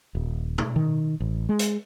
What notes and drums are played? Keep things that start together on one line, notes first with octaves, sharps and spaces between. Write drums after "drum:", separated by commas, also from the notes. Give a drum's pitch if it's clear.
D#1
drum: tom B2
D#3
A1
G#3
drum: hi-hat